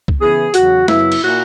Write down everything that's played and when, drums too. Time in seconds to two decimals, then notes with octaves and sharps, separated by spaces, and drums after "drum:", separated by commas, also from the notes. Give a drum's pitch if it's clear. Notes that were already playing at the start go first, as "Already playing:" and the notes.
0.08 drum: kick C2
0.20 C#3 E3 B3 E4 G#4
0.54 E2 C#3 F#3 F#4, drum: hi-hat
0.88 F#2 C#3 F#3 B3 E4, drum: snare
1.12 drum: cymbal
1.22 A#2 A#3 E4 F#4